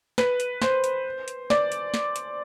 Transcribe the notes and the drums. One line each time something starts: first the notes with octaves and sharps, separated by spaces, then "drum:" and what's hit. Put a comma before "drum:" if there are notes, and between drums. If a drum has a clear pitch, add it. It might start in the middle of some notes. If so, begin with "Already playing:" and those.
B4, drum: snare
drum: hi-hat
C5, drum: snare
drum: hi-hat
drum: hi-hat
D5, drum: snare
drum: hi-hat
drum: snare
drum: hi-hat